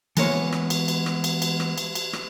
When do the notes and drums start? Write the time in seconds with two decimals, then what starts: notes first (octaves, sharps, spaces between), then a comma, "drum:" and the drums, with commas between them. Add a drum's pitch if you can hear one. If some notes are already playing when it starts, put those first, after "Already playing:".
0.17 E3 G#3 A#3 B3 C#5, drum: cymbal
0.52 drum: rim click
0.70 drum: cymbal
0.88 drum: cymbal
1.06 drum: rim click
1.24 drum: cymbal
1.42 drum: cymbal
1.60 drum: rim click
1.78 drum: cymbal
1.95 drum: cymbal
2.13 drum: rim click